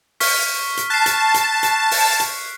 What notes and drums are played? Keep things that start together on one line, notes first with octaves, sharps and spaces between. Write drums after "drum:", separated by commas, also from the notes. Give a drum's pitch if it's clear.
C#6 F6 B6, drum: open hi-hat
drum: hi-hat
A5 F#6 C7
drum: hi-hat
drum: hi-hat
drum: hi-hat
drum: open hi-hat
drum: hi-hat